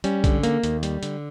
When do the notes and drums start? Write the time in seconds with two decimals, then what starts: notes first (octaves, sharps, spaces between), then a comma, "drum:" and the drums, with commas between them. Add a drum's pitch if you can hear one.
0.04 G3 C#4, drum: hi-hat
0.24 D3, drum: kick, hi-hat
0.43 A#3, drum: hi-hat
0.64 D#2, drum: hi-hat
0.83 G3, drum: hi-hat
1.03 D3, drum: hi-hat